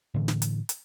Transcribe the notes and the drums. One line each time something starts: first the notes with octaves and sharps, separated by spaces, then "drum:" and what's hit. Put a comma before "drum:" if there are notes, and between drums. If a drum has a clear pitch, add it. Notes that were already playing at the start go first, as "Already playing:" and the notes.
A2 D3 E3
drum: snare
drum: hi-hat
drum: hi-hat